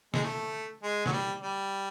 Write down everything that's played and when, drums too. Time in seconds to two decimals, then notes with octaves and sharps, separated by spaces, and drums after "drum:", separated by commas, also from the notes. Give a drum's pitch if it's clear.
0.14 G#3, drum: snare
0.24 A3
0.83 G#3
1.06 F#3, drum: snare
1.12 G3
1.42 G3